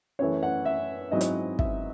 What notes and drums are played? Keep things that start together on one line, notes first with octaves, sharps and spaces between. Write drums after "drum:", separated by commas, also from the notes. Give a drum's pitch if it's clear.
F#2 E3 A3 C#5
F#5
E5
G#2 F#3 C4 E4 D#5
drum: hi-hat
E5, drum: kick